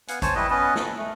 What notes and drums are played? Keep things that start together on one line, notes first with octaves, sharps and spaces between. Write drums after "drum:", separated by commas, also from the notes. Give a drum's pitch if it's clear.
B3 F5 F#5 G#5, drum: hi-hat
C5 C#5 G#5 A5, drum: kick G#1, hi-hat
G3 E4 B4 D#5
B3 C#4 B4 D#5
A4, drum: snare
A3